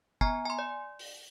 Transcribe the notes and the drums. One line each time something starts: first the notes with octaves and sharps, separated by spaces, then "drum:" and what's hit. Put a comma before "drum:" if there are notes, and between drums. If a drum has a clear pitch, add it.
B3 G#5 A#5, drum: kick
G#5 C6
D5
drum: open hi-hat